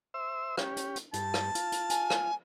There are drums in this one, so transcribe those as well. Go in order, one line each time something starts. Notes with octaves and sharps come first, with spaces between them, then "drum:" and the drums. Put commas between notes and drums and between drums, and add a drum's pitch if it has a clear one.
C5 E5 E6
C#4 G4, drum: rim click
drum: hi-hat
drum: hi-hat
G2 A5, drum: hi-hat
drum: rim click
F4, drum: hi-hat
drum: hi-hat
G#5, drum: hi-hat
drum: rim click